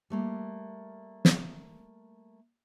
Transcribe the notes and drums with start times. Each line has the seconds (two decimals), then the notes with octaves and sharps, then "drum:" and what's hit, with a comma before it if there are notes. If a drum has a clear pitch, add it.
0.10 G3 A3 A#3
1.25 drum: snare